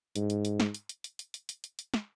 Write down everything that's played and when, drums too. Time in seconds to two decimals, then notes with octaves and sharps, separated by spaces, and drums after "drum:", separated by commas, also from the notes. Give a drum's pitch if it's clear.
0.16 G#2, drum: hi-hat
0.30 drum: hi-hat
0.45 drum: hi-hat
0.60 drum: snare
0.74 drum: hi-hat
0.89 drum: hi-hat
1.04 drum: hi-hat
1.19 drum: hi-hat
1.34 drum: hi-hat
1.49 drum: hi-hat
1.64 drum: hi-hat
1.79 drum: hi-hat
1.94 drum: snare